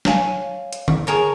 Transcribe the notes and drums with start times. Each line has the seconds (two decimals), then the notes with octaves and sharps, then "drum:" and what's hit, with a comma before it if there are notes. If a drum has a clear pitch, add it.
0.05 C#5 F5 G#5, drum: snare
0.73 drum: hi-hat
0.88 drum: tom D3
1.07 G#4 A#4 C#5 A5